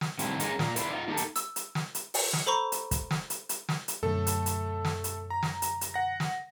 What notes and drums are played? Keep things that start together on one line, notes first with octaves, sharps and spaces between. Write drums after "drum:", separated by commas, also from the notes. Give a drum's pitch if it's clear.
drum: snare
A2 C3 D#3 G3 C4 E4, drum: hi-hat
G#3 A#3 C#4 D#4, drum: hi-hat
A#2 A#3, drum: snare
E4 B4 C5 D5, drum: hi-hat
D#4 F4
A#3 D#4 G4 A4
drum: hi-hat
E6, drum: hi-hat
drum: hi-hat
drum: snare
drum: hi-hat
drum: open hi-hat
drum: snare
A4 C5 A#5 B5 C#6
drum: hi-hat
drum: kick, hi-hat
drum: snare
drum: hi-hat
drum: hi-hat
drum: snare
drum: hi-hat
F#2 B2 D3 A3 A4
drum: hi-hat
drum: hi-hat
drum: snare
drum: hi-hat
A#5
drum: snare
drum: hi-hat
drum: hi-hat
F#5 A#6
drum: snare